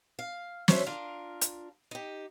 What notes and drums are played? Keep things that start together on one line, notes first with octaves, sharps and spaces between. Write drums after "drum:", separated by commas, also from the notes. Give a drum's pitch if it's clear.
F5
F#3 C#4 D4 C5 C#5 E5, drum: snare
D4 F4 A#4
drum: hi-hat
D#4 G4